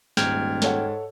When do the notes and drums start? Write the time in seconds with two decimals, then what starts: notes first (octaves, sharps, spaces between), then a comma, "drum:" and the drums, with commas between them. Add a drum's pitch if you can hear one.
0.17 D#1 G#2 G5 F6 G#6, drum: snare
0.62 A4 C#5 F#5, drum: snare